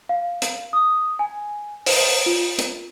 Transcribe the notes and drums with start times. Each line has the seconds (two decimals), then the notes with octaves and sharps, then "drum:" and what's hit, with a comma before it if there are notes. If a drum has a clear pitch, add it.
0.09 F5
0.42 drum: hi-hat
0.73 D#6
1.19 G#5
1.86 C5, drum: open hi-hat
2.26 F4
2.59 drum: hi-hat